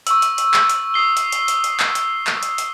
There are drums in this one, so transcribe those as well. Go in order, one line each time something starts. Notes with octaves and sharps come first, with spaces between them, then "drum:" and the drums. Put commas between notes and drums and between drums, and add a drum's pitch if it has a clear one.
C#6 E6, drum: hi-hat
drum: hi-hat
drum: hi-hat
drum: clap
drum: hi-hat
D#6 C7 G7
drum: hi-hat
drum: hi-hat
drum: hi-hat
drum: hi-hat
drum: clap
drum: hi-hat
drum: clap
drum: hi-hat
drum: hi-hat